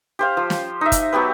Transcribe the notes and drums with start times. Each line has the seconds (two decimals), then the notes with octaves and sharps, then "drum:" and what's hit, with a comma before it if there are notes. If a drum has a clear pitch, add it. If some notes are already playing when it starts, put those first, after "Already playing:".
0.19 G4 C5 F5
0.37 F3
0.50 drum: snare
0.81 D#4 E5
0.92 drum: kick, hi-hat
1.13 F#3 B3 G4 B4